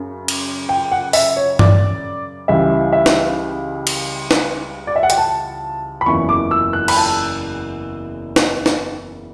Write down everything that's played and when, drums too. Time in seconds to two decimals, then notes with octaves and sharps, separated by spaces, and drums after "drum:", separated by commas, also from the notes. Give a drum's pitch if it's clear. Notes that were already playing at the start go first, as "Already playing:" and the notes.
Already playing: F#2 C#3
0.28 drum: cymbal
0.69 G5
0.91 F#5
1.13 E5, drum: open hi-hat
1.37 C#5
1.59 D5, drum: tom G2
2.48 C#2 C#3 E3 G3 E5
2.92 E5
3.06 drum: snare
3.87 drum: cymbal
4.31 drum: snare
4.87 D5
4.96 E5
5.03 F#5
5.10 G5, drum: hi-hat
5.18 A5
6.01 B5
6.06 F#1 E2 C#3 E3 C#6
6.29 D6
6.51 E6
6.73 F#6
6.88 B5, drum: cymbal
6.97 A5
8.36 drum: snare
8.66 drum: snare